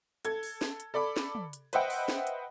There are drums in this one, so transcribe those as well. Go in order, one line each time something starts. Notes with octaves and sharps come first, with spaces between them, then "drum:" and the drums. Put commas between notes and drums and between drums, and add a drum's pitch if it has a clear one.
A4 G#6, drum: hi-hat
drum: open hi-hat
drum: snare
drum: hi-hat
A4 D5 B5 D6
drum: snare
drum: tom
drum: hi-hat
B4 C5 D#5 E5 F#5 G5, drum: hi-hat
drum: open hi-hat
drum: snare
drum: hi-hat